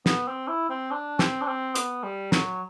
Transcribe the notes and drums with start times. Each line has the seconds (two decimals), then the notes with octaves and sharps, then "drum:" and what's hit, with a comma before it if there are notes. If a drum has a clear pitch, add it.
0.06 B3, drum: snare
0.28 C4
0.48 E4
0.70 C4
0.91 D4
1.19 C4, drum: snare
1.41 D4
1.47 C4
1.75 B3, drum: hi-hat
2.03 G3
2.32 F#3, drum: snare